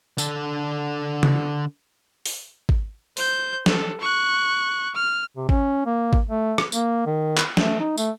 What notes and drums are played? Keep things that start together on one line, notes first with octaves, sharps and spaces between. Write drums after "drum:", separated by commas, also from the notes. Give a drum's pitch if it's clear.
D3 A4, drum: tambourine
drum: tom
drum: open hi-hat
drum: kick G#1
C5 G6, drum: open hi-hat
A4, drum: snare
C#6 F#6
F6
C3
C#4, drum: kick G#1
A#3
drum: kick G#1
A3
drum: rim click
A#3, drum: tambourine
D#3
drum: clap
A3, drum: snare
D#4
A3, drum: tambourine